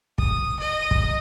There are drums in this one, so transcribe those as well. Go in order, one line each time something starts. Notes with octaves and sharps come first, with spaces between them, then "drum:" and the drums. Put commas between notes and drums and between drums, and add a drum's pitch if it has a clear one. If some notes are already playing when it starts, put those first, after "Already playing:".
D#6, drum: kick
D#5
drum: kick